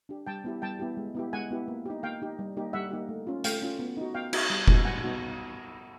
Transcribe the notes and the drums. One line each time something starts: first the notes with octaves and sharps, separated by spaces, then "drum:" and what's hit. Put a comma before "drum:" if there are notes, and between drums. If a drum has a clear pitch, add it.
D4 G4
G3 G5 A5
B3 E4 G4
G3 G5 A5
B3 E4 G4
G#3
B3 E4 G4
G#3 F#5 G#5
B3 E4 G4
A#3
D#4 G4
A#3 F5 G5
D#4 G4
G3
A#3 D#4 G4
G3 E5 F#5
A#3 D#4 G4
A3
C#4 F4
A3 F5 G5, drum: hi-hat
C#4 F4
B3
D#4 F#4
B3 F5 G5
D#4 F#4, drum: cymbal
G3
B3 D#4 F#4, drum: kick F1
G3 F#5 G#5
B3 D#4 F#4